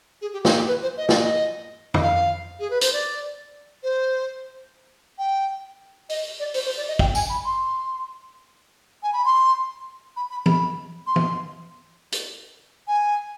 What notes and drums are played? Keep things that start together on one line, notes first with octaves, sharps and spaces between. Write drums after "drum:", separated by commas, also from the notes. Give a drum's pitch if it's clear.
G#4
G4
F4, drum: snare
G4
B4
C5
D#5
D5, drum: snare
D#5
D#5, drum: tom
F5
G#4
B4
C5, drum: hi-hat
D5
C5
G5
D#5, drum: open hi-hat
D5
C5, drum: open hi-hat
C5
D5
D#5
G5, drum: kick
G#5, drum: tambourine
B5
C6
G#5
B5
C6
B5
B5
B5, drum: tom
C6
drum: tom
drum: hi-hat
G#5